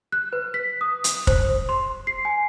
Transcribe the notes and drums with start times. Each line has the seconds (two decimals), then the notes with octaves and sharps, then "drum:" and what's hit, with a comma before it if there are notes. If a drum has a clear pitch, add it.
0.12 F#6
0.33 B4
0.54 B6
0.81 D#6
1.04 drum: hi-hat
1.27 C5, drum: kick
1.69 C6
2.07 C7
2.25 G#5